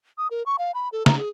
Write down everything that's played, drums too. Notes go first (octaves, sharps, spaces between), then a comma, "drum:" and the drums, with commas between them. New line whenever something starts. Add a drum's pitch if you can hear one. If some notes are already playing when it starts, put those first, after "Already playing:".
D#6
A#4
C#6
F5
B5
A4
A#5, drum: snare
G#4